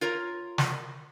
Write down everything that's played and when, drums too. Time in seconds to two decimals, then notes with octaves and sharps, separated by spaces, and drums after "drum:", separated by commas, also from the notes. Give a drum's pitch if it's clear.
0.01 F4 A#4 C#5 A#5
0.58 drum: snare